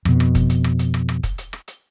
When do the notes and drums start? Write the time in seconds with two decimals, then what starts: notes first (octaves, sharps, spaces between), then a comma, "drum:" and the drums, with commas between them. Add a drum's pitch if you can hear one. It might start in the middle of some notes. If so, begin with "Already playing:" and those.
0.05 F2 B2, drum: rim click
0.20 drum: rim click
0.35 drum: kick, hi-hat
0.50 drum: hi-hat
0.64 drum: rim click
0.79 drum: hi-hat
0.94 drum: rim click
1.09 drum: rim click
1.23 drum: kick, hi-hat
1.38 drum: hi-hat
1.53 drum: rim click
1.68 drum: hi-hat